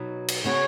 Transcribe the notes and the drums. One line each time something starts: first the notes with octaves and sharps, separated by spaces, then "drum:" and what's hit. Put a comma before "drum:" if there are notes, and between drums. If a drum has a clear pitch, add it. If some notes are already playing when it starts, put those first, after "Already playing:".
Already playing: B2 F#3 D#4
drum: cymbal
C#3 B3 F#4 C#5